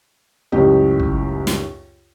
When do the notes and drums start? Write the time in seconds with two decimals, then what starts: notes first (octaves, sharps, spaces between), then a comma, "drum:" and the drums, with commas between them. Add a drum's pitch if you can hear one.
0.52 C#2 F#2 A2 G4 D#5
1.00 drum: kick
1.47 drum: snare